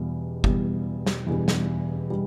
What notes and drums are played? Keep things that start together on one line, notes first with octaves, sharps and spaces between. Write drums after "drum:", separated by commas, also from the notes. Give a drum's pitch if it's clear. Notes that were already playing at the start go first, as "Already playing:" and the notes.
Already playing: E2 B2 G3
E2 B2 G3, drum: kick
drum: snare
E2 B2 G3
drum: snare
G3